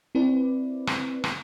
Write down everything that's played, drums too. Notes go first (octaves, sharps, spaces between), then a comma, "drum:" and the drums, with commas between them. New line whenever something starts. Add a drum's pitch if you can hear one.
C4 E4 B4 D5
drum: rim click
drum: rim click